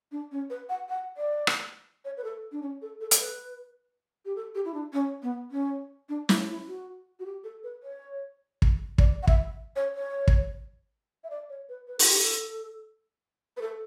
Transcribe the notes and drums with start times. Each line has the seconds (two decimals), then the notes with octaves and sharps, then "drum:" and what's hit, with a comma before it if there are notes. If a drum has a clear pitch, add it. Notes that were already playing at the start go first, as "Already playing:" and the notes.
0.12 D4
0.31 C#4
0.50 B4
0.69 F#5
0.89 F#5
1.17 D5
1.47 drum: rim click
2.05 C#5
2.17 B4
2.24 A4
2.52 D4
2.62 C#4
2.82 A4
3.01 A4
3.11 A4, drum: hi-hat
3.20 B4
4.25 G4
4.36 A4
4.55 G4
4.65 E4
4.74 D4
4.93 C#4
5.23 B3
5.51 C#4
6.09 D4
6.29 E4, drum: snare
6.49 E4
6.68 F#4
7.20 F#4
7.26 G4
7.44 A4
7.64 B4
7.83 C#5
8.62 drum: kick
8.98 D5, drum: kick
9.23 F#5
9.27 E5, drum: kick
9.76 C#5
9.95 C#5
10.28 drum: kick
11.24 E5
11.30 D5
11.49 C#5
11.69 B4
11.87 B4
11.99 A4, drum: open hi-hat
12.10 G4
12.22 A4
13.57 B4
13.61 A4